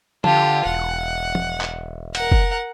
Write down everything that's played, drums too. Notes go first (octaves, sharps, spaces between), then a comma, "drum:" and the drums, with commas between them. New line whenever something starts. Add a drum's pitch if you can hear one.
D3 F4 G4 A5, drum: tom
E1 F#5
drum: tom
drum: clap
A#4 F#5, drum: hi-hat
drum: kick F#1